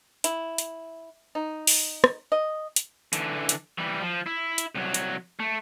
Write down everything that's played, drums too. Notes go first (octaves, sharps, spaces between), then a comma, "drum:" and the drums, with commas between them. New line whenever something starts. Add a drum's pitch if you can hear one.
E4, drum: hi-hat
drum: hi-hat
D#4
drum: open hi-hat
drum: rim click
D#5
drum: hi-hat
D3 E3, drum: hi-hat
drum: hi-hat
E3 G3
F3
E4
drum: hi-hat
C2 F#3
drum: hi-hat
A3